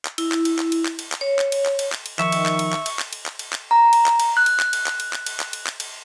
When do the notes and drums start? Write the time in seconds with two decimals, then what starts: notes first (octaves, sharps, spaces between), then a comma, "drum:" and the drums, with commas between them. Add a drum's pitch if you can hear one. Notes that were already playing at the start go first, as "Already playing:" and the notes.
0.05 drum: clap
0.18 E4, drum: cymbal
0.32 drum: clap
0.45 drum: cymbal
0.59 drum: clap
0.72 drum: cymbal
0.85 drum: clap
0.99 drum: cymbal
1.12 drum: clap
1.21 C#5
1.39 drum: clap
1.52 drum: cymbal
1.66 drum: clap
1.79 drum: cymbal
1.92 drum: clap
2.06 drum: cymbal
2.19 D#3 F3 E5 C#6, drum: clap
2.32 drum: cymbal
2.46 drum: clap
2.59 drum: cymbal
2.73 drum: clap
2.86 drum: cymbal
2.99 drum: clap
3.13 drum: cymbal
3.26 drum: clap
3.39 drum: cymbal
3.53 drum: clap
3.71 A#5
3.93 drum: cymbal
4.06 drum: clap
4.20 drum: cymbal
4.37 F#6
4.46 drum: cymbal
4.60 drum: clap
4.73 drum: cymbal
4.86 drum: clap
5.00 drum: cymbal
5.13 drum: clap
5.26 drum: cymbal
5.40 drum: clap
5.53 drum: cymbal
5.67 drum: clap
5.80 drum: cymbal